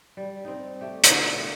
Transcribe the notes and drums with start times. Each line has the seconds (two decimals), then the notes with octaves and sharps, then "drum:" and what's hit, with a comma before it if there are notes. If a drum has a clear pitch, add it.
0.17 G3
0.45 C4 D#4
0.81 A3 G4
1.04 B2 D3 F#4 F5, drum: hi-hat
1.35 A#3 G4